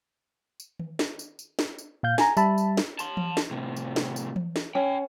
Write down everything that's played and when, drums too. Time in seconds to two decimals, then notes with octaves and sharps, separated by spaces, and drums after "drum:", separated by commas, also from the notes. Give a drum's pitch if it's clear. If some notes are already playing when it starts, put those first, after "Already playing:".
0.60 drum: tambourine
0.79 drum: tom D#3
0.99 drum: snare
1.19 drum: tambourine
1.39 drum: tambourine
1.59 drum: snare
1.78 drum: tambourine
2.03 A#2 F5 G6
2.18 G#5 A#5, drum: snare
2.37 G3 E5 A5 B5, drum: tambourine
2.58 drum: tambourine
2.77 drum: snare
2.99 A5 C6, drum: tambourine
3.17 drum: tom E3
3.37 drum: snare
3.51 A2 C3
3.76 drum: tambourine
3.96 drum: snare
4.16 drum: tambourine
4.36 drum: tom E3
4.56 drum: snare
4.75 C#4 C#5 G5